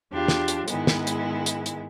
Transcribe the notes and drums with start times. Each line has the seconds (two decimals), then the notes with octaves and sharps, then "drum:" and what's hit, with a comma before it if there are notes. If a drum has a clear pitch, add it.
0.13 E2 D4 F4 G4
0.28 drum: snare
0.48 drum: hi-hat
0.68 G#2 D#3 G#3 B3 E4, drum: hi-hat
0.87 drum: snare
1.07 drum: hi-hat
1.46 drum: hi-hat
1.66 drum: hi-hat